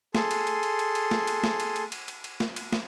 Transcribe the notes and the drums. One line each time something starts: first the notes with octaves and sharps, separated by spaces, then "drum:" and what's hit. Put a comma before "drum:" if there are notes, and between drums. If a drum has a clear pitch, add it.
G#4 A4 C6, drum: snare
drum: cymbal
drum: cymbal
drum: cymbal
drum: cymbal
drum: cymbal
drum: snare
drum: cymbal
drum: snare
drum: cymbal
drum: cymbal
drum: cymbal
drum: cymbal
drum: cymbal
drum: snare
drum: cymbal
drum: snare